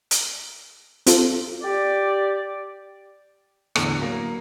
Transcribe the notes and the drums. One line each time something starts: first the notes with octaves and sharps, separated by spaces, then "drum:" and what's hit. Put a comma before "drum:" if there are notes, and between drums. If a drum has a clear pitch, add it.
drum: hi-hat
C4 F4 A4, drum: hi-hat
G4 D5
E2 A2 D3, drum: rim click
F#3 A#3